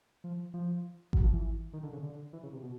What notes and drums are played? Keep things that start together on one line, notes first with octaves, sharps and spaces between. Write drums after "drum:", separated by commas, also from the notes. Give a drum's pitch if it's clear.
F3
F3
F#3, drum: kick G#1
F3
E3
D#3
D3
C#3
D3
E3
C#3
C3
B2